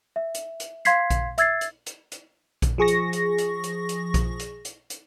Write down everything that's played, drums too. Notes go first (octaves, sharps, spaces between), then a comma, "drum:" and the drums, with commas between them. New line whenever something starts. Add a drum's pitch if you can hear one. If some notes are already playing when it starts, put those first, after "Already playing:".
E5
drum: hi-hat
drum: hi-hat
F5 C6 G#6 B6 C7, drum: hi-hat
drum: kick A#1, hi-hat
E5 E6 G#6 A6 C7, drum: hi-hat
drum: hi-hat
drum: hi-hat
drum: hi-hat
drum: kick A#1, hi-hat
F3 G#4 C#6 A#6
drum: hi-hat
drum: hi-hat
drum: hi-hat
drum: hi-hat
drum: hi-hat
drum: kick A#1, hi-hat
drum: hi-hat
drum: hi-hat
drum: hi-hat